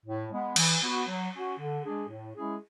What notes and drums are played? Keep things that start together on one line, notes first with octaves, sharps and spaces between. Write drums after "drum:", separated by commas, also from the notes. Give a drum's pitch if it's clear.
A2
G#3 B3
E3, drum: cymbal
B3 F#4
F#3
C#4 F#4
D3
G#3 D4 G#4
A2
G#3 C#4 E4 G#4